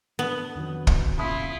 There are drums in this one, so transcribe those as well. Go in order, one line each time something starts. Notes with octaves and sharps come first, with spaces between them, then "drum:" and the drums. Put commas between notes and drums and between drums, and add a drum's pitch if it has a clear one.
B3 D4 D#6
F2 D#3 F#3
drum: kick
E2 A#2 C#3 E4 F4 C6 D#6 B6